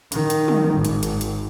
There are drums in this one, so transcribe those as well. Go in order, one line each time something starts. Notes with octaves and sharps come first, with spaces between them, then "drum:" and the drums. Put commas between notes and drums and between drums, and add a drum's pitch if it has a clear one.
D#3, drum: hi-hat
drum: hi-hat
drum: tom
G#1
drum: hi-hat
drum: hi-hat
drum: hi-hat